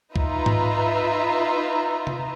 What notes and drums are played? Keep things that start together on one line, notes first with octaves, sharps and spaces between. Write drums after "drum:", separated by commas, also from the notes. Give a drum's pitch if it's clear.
D#4 F4 B4 E5 A#5, drum: kick
drum: tom G#2
drum: tom C3